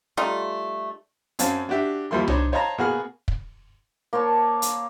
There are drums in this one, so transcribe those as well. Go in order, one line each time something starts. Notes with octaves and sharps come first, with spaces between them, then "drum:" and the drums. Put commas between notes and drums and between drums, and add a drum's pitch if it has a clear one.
G3 A3 D#4 F4
F#2 C4 C#4 F5 A5, drum: hi-hat
D4 F#4 G4 E5
D#2 F3 G3 E4 A#4 C6
D4 D#4 C5 C#5, drum: tom C2
C5 C#5 D#5 F5 A5 A#5
B2 A#3 G#4 F#5 F6
drum: kick
A#3 C5 C#5 A5
drum: hi-hat